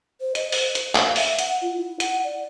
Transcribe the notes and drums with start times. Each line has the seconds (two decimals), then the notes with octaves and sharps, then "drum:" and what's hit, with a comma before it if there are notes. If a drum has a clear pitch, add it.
0.21 C5
0.35 D#5, drum: hi-hat
0.52 C5, drum: open hi-hat
0.75 drum: hi-hat
0.95 F5, drum: clap
1.16 E5, drum: open hi-hat
1.39 F#5, drum: hi-hat
1.62 F4
1.76 E4
2.00 F#5, drum: hi-hat
2.24 D5